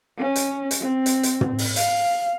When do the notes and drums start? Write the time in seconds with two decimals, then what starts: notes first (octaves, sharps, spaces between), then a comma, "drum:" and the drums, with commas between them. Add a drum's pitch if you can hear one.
0.18 C#4
0.36 drum: hi-hat
0.71 drum: hi-hat
0.80 C4
1.06 drum: hi-hat
1.23 drum: hi-hat
1.41 drum: tom
1.58 drum: open hi-hat
1.76 F5, drum: hi-hat